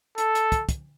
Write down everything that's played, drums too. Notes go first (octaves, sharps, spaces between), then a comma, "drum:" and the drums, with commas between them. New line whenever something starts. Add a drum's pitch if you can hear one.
A4, drum: hi-hat
drum: hi-hat
drum: kick, hi-hat
drum: kick, hi-hat